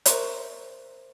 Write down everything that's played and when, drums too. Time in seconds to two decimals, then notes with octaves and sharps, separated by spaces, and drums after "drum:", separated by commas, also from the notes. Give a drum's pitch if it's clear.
0.06 A#4 C5 E5 A#5 C6 C#6, drum: hi-hat